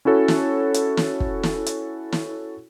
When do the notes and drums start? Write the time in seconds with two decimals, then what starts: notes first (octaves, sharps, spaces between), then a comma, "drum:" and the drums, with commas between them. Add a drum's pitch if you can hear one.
0.05 C#4 E4 F#4 A4 C#5
0.28 drum: snare
0.74 drum: hi-hat
0.97 drum: snare
1.20 drum: kick
1.43 drum: snare
1.66 drum: hi-hat
2.12 drum: snare